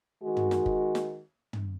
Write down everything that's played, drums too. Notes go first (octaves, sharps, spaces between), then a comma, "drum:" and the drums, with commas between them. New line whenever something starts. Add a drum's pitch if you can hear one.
D#3 G#3 F#4
drum: tom
drum: snare
drum: kick
drum: snare
drum: tom